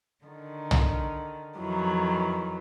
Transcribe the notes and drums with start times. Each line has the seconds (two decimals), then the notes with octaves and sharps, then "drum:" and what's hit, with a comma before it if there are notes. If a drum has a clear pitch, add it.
0.25 D3 D#3
0.71 drum: tom
1.58 F2 D#3 E3 F#3